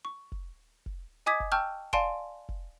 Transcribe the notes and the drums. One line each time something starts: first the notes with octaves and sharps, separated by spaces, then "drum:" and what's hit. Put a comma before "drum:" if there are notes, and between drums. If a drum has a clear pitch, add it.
C#6
drum: kick
drum: kick
D#5 G#5 D6 D#6 G#6 B6
drum: kick
G5 A5 C#6 E6 F6 G6
D5 F5 G#5 A5 C6 D7, drum: kick
drum: kick